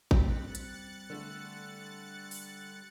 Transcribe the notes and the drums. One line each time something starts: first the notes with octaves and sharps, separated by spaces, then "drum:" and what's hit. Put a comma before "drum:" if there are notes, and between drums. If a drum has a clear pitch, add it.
G3 C4 G4 F#6 A6 C#7, drum: kick A1
drum: hi-hat
D3 A3
drum: open hi-hat